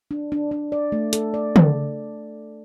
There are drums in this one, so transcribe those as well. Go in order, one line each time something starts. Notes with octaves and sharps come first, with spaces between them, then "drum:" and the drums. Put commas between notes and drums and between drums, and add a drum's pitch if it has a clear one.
D4
D4
D4
D5
A3
A4, drum: hi-hat
D5
drum: tom